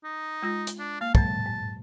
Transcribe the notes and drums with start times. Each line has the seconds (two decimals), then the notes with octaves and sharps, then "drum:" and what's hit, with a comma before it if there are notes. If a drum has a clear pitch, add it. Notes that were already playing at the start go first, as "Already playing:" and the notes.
0.04 D#4
0.42 G#3 F4 A#6
0.67 drum: hi-hat
0.80 D4
1.01 A#3 F5
1.15 A#2 F#3 G#3 A5, drum: kick
1.46 G#2